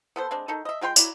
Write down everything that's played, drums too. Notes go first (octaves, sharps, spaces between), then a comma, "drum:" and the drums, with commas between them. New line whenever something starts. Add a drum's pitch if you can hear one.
B3 A4 C5
G#3 C4 D4
D#3 D#4 A4
D#5 E5
G#3 F4 G5 C6
F#3 E4 D5, drum: tambourine